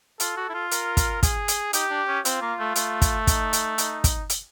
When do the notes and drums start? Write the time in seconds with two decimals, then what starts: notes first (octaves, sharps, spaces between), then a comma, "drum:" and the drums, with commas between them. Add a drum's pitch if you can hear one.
0.20 F4 A4, drum: hi-hat
0.37 F#4
0.50 E4
0.54 F4
0.71 A#4, drum: hi-hat
0.97 drum: kick, hi-hat
1.23 G#4, drum: kick, hi-hat
1.48 drum: hi-hat
1.73 D#4 G4, drum: hi-hat
1.90 D4
2.08 C#4
2.25 C4 F4, drum: hi-hat
2.42 A#3
2.59 A3
2.75 A3, drum: hi-hat
3.02 drum: kick, hi-hat
3.27 D#4, drum: kick, hi-hat
3.53 drum: hi-hat
3.78 D#4, drum: hi-hat
4.04 drum: kick, hi-hat
4.30 drum: hi-hat